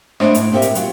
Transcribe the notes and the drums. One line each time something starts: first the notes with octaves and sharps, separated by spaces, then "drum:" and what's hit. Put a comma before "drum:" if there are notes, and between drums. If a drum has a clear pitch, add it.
A3 B3 D4 C5 D#5 E5, drum: rim click
A2, drum: hi-hat
A#2 C4 G4 G#4 E5
drum: hi-hat
F#3 F4 F#4, drum: hi-hat